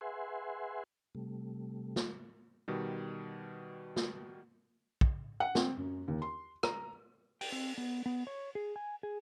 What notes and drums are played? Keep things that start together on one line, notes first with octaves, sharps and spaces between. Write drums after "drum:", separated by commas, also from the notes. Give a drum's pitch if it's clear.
G#4 B4 E5 F#5 G#5 C6
C3 G3 A3
drum: snare
B2 D#3 G3
drum: snare
drum: kick
F#5
C4, drum: snare
F#2
D#2
C6
A#5, drum: rim click
G5, drum: open hi-hat
C4
B3
B3
C#5
G#4
G#5
G#4